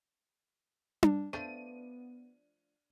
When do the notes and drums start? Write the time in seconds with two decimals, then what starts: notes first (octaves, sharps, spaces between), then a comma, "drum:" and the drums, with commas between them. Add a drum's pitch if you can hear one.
1.03 drum: tom D4
1.33 F3 A3 B3 D4 C5 D#7